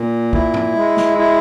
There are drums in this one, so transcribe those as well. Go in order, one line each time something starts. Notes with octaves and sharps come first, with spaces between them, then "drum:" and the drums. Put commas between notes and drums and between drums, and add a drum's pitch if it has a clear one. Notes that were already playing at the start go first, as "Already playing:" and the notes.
Already playing: A#2
E4, drum: kick
drum: tom G2
G#3
drum: snare
E4